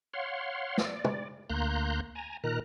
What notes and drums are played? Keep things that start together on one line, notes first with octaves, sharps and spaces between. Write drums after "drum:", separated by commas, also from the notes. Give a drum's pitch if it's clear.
C#5 F5 F#5 C6
D5, drum: snare
drum: tom
D2 A#3 A#5 C6 F#6 G6
G#5 A#5
A#2 D#3 A#4 A#5 F#6